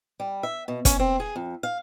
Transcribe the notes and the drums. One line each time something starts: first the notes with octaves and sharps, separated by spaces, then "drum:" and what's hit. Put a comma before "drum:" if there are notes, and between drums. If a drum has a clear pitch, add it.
G3
E5
B2
C#4, drum: kick, hi-hat
C4
G#4
F2
F5